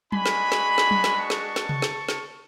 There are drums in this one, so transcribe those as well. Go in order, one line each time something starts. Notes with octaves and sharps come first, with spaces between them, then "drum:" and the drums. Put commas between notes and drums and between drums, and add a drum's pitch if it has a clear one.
G#3 D4 F#4 G#5 B5, drum: tom F#3
drum: snare
drum: snare
drum: snare
drum: tom F#3
drum: snare
A5 C#6
drum: snare
drum: snare
drum: tom C3
drum: snare
drum: snare